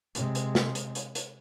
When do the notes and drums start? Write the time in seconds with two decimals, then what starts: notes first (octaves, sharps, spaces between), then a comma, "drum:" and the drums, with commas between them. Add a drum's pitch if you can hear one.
0.15 C3 G#3, drum: hi-hat
0.35 drum: hi-hat
0.55 drum: snare
0.75 drum: hi-hat
0.95 drum: hi-hat
1.15 drum: hi-hat